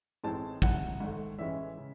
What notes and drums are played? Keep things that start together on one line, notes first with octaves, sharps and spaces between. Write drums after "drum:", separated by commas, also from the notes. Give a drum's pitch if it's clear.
A1 A2 G#3 C4 D#4 A5
C2 C3 D#3 F#5, drum: kick
G#2 D#3 A3
A1 A2 E3 G#3 C#4 E5
C#3